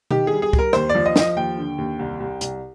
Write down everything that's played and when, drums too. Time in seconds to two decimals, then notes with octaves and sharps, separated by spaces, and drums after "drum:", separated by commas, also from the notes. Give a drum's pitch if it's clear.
0.11 D#3 G4, drum: tom B2
0.27 G3 G#4
0.42 G#4
0.53 G3, drum: kick
0.59 A#4
0.73 D#2 C5, drum: rim click
0.89 D5
0.95 F3
1.06 D#5
1.16 F3 D#5, drum: snare
1.36 D#2 G5
1.57 D3
1.78 D#2
1.99 C2
2.20 C2
2.41 C2, drum: hi-hat